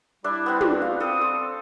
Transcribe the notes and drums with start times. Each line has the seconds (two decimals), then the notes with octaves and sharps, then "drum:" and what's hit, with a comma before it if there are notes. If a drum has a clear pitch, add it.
0.24 G3 D4 E4 E5
0.46 B3 C4
0.61 drum: tom
0.82 F5
1.00 C4 A4 D#6
1.21 C6